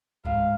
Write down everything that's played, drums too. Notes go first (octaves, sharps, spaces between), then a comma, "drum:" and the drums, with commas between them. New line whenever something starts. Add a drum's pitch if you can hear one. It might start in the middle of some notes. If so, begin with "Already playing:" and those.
G#2 F5, drum: kick C#2